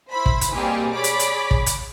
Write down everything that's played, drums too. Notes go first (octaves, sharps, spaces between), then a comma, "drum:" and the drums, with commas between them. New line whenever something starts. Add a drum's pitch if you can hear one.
E4 C5 B5
drum: kick
drum: hi-hat
B2 G3 A#3 C4 G4 G#4
G#4 C#5 D5 B5 D6
drum: hi-hat
drum: hi-hat
drum: kick
drum: hi-hat